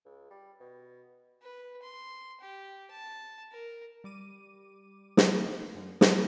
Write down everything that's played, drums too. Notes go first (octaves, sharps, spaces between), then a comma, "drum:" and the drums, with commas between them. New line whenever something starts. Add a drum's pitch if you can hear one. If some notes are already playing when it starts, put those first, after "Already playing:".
C#2
G3
B2
B4
C6
G4
A5
A#4
G3 D6 D#7
drum: snare
F#2
drum: snare